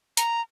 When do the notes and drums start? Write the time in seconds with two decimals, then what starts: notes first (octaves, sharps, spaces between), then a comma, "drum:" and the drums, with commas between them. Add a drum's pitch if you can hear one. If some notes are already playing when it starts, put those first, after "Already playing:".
0.17 A#5, drum: hi-hat